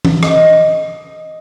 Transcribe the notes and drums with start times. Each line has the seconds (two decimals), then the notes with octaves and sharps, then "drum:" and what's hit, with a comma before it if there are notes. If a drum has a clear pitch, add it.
0.05 drum: tom E3
0.23 D#5, drum: rim click